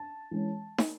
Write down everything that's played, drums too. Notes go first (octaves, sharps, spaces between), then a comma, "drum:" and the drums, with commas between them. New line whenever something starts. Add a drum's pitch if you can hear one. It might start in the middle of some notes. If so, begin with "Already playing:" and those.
Already playing: A5
E3 G#3 C#4
drum: snare